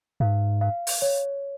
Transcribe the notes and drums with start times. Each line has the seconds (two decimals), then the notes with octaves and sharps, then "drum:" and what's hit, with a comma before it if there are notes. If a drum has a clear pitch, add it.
0.20 G#2 F5
0.61 F5
0.87 drum: open hi-hat
1.02 C#5